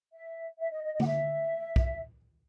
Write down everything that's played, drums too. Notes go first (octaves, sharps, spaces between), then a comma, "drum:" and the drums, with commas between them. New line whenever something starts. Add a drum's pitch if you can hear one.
E5
E5
D#5
D#5
D#5
F#5, drum: tom
E5
drum: kick B1